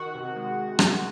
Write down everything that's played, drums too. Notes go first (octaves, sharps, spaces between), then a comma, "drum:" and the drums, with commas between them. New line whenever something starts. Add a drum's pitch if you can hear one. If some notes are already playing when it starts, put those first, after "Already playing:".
Already playing: D#3 F#4 F#5
C3
G#3
drum: rim click